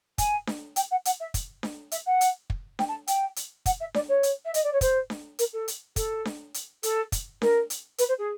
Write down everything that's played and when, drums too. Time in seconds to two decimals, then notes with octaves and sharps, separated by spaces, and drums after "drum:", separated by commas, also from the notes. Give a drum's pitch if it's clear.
0.18 G#5, drum: kick, hi-hat
0.47 drum: snare D4
0.76 G5, drum: hi-hat
0.91 F#5
1.05 F#5, drum: hi-hat
1.20 E5
1.34 drum: kick, hi-hat
1.63 drum: snare D4
1.92 E5, drum: hi-hat
2.06 F#5
2.21 drum: hi-hat
2.50 drum: kick
2.79 G5, drum: snare D4
2.88 A5
3.07 G5, drum: hi-hat
3.36 drum: hi-hat
3.66 F#5, drum: kick, hi-hat
3.80 E5
3.94 D5, drum: snare D4
4.08 C#5
4.23 drum: hi-hat
4.45 E5
4.54 D#5, drum: hi-hat
4.63 D5
4.73 C#5
4.81 C5, drum: kick, hi-hat
5.10 drum: snare D4
5.39 A#4, drum: hi-hat
5.53 A4
5.68 drum: hi-hat
5.96 A4, drum: kick, hi-hat
6.25 drum: snare D4
6.54 drum: hi-hat
6.83 A4, drum: hi-hat
7.12 drum: kick, hi-hat
7.42 A#4, drum: snare D4
7.70 drum: hi-hat
7.98 B4, drum: hi-hat
8.08 C5
8.18 G#4